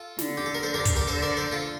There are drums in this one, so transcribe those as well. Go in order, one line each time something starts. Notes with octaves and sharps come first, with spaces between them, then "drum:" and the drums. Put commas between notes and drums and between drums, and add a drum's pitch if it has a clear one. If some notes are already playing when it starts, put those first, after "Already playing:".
Already playing: F4 A4
D3, drum: snare
G4
A4
A#4
A4 C5
G4 A#4
drum: kick, hi-hat
G4 A#4
D3 A4 C5
A#4 D5
A4 C5
F4 A4